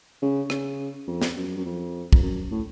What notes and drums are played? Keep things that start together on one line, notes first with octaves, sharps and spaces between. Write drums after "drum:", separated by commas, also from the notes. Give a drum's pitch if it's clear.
C#3
C#3, drum: rim click
F2
drum: snare
F#2
F#2
F2
F2, drum: kick
F#2
A2